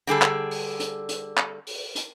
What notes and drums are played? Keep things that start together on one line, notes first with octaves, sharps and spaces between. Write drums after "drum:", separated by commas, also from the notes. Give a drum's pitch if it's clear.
D3 G3 G#4 A4
drum: clap
drum: open hi-hat
drum: hi-hat
drum: hi-hat
drum: clap
drum: open hi-hat
drum: hi-hat